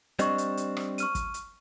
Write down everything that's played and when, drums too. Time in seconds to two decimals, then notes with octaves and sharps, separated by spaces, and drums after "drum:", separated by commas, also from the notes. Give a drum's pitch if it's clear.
0.19 G3 C4 D4 D#5 C#6, drum: hi-hat
0.38 drum: hi-hat
0.57 drum: hi-hat
0.77 drum: rim click
0.98 C#6 F6 D#7, drum: hi-hat
1.15 drum: kick, hi-hat
1.34 drum: hi-hat